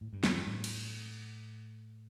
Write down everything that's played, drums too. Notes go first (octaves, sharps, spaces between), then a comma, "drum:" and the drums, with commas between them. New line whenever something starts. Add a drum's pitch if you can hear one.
A2
G2
E2, drum: snare
G2
A2
drum: cymbal